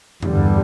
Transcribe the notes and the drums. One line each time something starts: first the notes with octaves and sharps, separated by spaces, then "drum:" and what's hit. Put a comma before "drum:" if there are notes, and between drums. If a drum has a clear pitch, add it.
E2 G2 D3 G3, drum: tom F2